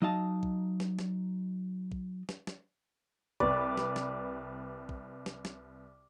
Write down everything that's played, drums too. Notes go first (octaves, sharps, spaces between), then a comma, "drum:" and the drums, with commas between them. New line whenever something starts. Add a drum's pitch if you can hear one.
F#3 D#4 D#5 F5 A5
drum: kick
drum: snare
drum: snare
drum: kick
drum: snare
drum: snare
C2 B4 D5, drum: kick
drum: snare
drum: snare
drum: kick
drum: snare
drum: snare